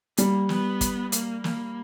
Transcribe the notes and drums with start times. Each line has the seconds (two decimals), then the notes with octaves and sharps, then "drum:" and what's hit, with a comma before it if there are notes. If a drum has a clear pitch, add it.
0.17 G3 A#3, drum: hi-hat
0.49 B3, drum: snare
0.81 drum: kick, hi-hat
1.12 A#3, drum: hi-hat
1.44 A#3, drum: snare